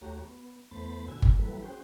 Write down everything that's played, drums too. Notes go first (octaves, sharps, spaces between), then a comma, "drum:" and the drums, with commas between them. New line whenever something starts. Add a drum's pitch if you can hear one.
D#2 A3 F#4 G4 C#5 A#5
B3
E2 A3 B3 C5 B5 A6
A#2 D3 F#4 G#5 E6 G#6
drum: kick G1
E3 F#3 G3 A#3 A4 B4
C#4 F#4 G#4 C5 G5